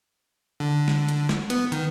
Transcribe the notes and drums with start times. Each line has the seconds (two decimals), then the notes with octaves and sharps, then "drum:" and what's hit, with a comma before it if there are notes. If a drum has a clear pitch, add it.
0.60 D3
0.88 drum: snare
1.09 drum: hi-hat
1.29 drum: snare
1.50 B3, drum: hi-hat
1.72 D#3, drum: hi-hat